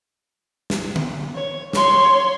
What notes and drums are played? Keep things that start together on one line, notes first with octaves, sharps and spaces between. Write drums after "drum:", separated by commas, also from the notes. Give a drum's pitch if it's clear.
drum: snare
drum: tom D3
C#5
C#5 C6, drum: snare